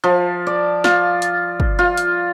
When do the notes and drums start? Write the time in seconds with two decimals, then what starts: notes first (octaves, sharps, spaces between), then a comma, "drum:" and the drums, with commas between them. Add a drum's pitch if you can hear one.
0.04 F3
0.47 D5
0.84 F4, drum: snare
1.22 drum: hi-hat
1.60 drum: kick
1.79 F4
1.97 drum: hi-hat